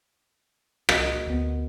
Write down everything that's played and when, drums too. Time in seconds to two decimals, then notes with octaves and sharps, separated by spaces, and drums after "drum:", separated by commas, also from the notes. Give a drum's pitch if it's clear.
0.89 F#4 A#4 D#5, drum: rim click
1.27 D2 B3